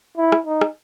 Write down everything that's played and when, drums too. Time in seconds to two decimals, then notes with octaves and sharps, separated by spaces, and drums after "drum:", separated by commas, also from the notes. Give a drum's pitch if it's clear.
0.18 E4
0.32 drum: rim click
0.47 D#4
0.61 drum: rim click